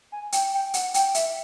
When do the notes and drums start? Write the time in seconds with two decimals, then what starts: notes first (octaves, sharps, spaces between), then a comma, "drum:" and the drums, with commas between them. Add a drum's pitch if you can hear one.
0.12 G#5
0.32 G5, drum: hi-hat
0.54 G5
0.74 F#5, drum: hi-hat
0.94 G5, drum: hi-hat
1.14 E5, drum: hi-hat